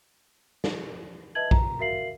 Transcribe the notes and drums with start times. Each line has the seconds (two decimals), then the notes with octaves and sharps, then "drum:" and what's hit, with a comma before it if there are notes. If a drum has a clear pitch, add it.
0.64 drum: snare
1.35 B4 D#5 E5 A5 G#6 F#7
1.51 A#5, drum: kick A#1
1.79 F#4 A#4 E5 F5 C7 F#7